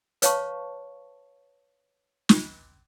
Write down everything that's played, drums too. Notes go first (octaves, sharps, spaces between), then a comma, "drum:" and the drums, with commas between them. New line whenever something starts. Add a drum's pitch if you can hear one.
B4 C#5 F5 A5 C#6, drum: hi-hat
drum: snare